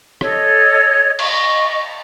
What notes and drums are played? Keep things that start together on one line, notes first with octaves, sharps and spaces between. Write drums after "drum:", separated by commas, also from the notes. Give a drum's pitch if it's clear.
A4 C#5 D#5, drum: rim click
D#5 C#6, drum: cymbal